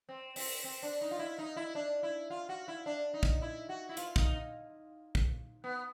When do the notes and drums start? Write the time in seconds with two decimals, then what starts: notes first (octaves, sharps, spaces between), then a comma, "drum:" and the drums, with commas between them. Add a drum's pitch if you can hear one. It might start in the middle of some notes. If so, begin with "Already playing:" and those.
0.09 C4
0.36 C4, drum: open hi-hat
0.64 C4
0.83 D4
1.01 D#4
1.11 F4
1.19 E4
1.39 D#4
1.56 E4
1.75 D4
2.03 E4
2.30 F4
2.49 F#4
2.68 E4
2.86 D4
3.14 D#4
3.23 drum: kick
3.42 E4
3.69 F#4
3.89 E4
3.97 F4, drum: hi-hat
4.16 D#4, drum: kick
5.15 drum: kick
5.64 B3